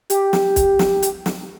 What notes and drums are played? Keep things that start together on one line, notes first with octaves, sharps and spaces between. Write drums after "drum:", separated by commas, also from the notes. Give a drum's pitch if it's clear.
G4, drum: hi-hat
drum: snare
drum: kick, hi-hat
drum: snare
drum: hi-hat
drum: snare